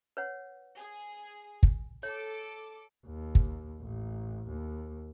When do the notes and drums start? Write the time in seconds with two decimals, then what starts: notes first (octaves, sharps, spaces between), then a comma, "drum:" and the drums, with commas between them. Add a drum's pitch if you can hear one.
0.17 B4 C#5 F#5
0.75 G#4
1.63 drum: kick
2.03 A4 C#5 D6
3.06 D#2
3.35 drum: kick
3.80 A1
4.49 D#2